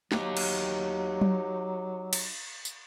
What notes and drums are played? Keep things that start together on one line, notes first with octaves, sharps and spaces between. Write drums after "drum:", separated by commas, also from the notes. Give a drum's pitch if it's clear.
F#3 D#4 G4, drum: snare
drum: cymbal
drum: tom F#3
drum: cymbal
drum: tambourine